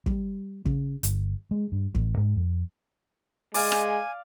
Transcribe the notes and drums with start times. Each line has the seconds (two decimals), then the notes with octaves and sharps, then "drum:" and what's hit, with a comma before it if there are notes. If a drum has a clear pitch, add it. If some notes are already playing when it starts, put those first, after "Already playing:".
0.06 G3, drum: kick
0.65 C#3, drum: kick
1.03 G1, drum: hi-hat
1.51 G#3
1.72 G2
1.95 A1, drum: kick
2.17 G#2
2.36 F2
3.54 G#3 D5 F5 G#5, drum: open hi-hat
3.72 drum: rim click